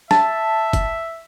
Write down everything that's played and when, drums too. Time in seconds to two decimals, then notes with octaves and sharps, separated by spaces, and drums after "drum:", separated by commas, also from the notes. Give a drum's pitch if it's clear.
0.11 E5 A5, drum: snare
0.73 drum: kick, hi-hat